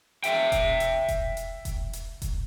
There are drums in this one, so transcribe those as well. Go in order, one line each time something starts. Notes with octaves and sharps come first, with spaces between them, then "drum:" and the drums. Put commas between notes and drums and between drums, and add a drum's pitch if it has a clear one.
E5 G5, drum: hi-hat
drum: kick E1, hi-hat
drum: hi-hat
drum: kick E1, hi-hat
drum: hi-hat
drum: kick E1, hi-hat
drum: hi-hat
drum: kick E1, hi-hat